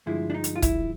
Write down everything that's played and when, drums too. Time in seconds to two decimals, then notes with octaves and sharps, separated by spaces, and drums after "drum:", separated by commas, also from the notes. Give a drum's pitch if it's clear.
0.06 G2 D3 F3 G#3 E4
0.30 D4
0.34 D#4
0.44 drum: hi-hat
0.56 F4
0.62 E4, drum: kick, hi-hat